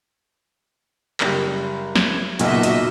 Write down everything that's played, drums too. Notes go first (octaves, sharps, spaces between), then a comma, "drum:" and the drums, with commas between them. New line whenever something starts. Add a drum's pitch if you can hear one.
F#1 G3, drum: clap
drum: snare
F#1 B1 A#2 F#4 D#5 E5, drum: hi-hat
drum: hi-hat